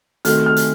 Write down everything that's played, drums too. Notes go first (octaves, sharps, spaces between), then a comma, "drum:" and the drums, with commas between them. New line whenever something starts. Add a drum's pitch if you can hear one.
D#3 A3 C4 F#4 F6, drum: hi-hat
F6
drum: hi-hat